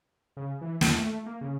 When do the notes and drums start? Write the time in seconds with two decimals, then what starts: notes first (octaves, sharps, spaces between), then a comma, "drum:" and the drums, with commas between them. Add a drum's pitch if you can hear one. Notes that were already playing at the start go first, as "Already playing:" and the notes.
0.37 C#3
0.61 E3
0.81 E2, drum: snare
0.95 A3
1.26 A#3
1.41 C#3